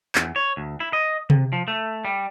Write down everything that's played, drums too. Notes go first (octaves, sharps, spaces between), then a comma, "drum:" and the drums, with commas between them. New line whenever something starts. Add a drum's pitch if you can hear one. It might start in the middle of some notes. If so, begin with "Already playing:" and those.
E2, drum: clap
C#5
D2
E4
D#5
C3, drum: tom C3
F3
A3
G3